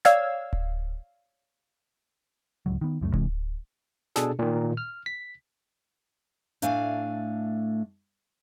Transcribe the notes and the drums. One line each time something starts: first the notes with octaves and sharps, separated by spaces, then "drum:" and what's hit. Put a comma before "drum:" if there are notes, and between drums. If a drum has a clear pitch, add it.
C#5 D5 F5 E6 G#6, drum: snare
drum: kick D1
D1 C#2 F#3
D#3 B3
C#2 F#2 F3 A3
C3 E3 G#3, drum: kick D1
B2 D4 G#4 A4, drum: snare
A#2 D#3
F6
B6
A2 A3 D4 F5 G#5, drum: hi-hat